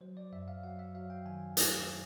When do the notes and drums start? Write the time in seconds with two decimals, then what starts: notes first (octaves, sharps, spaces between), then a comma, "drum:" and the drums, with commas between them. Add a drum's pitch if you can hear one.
0.01 F#3 C5
0.17 D5
0.32 F#2 E5
0.48 F5
0.63 F#3 F#5
0.79 E5
0.95 F#3 F5
1.10 G5
1.26 D#3 G#5
1.57 A3, drum: hi-hat
1.88 A3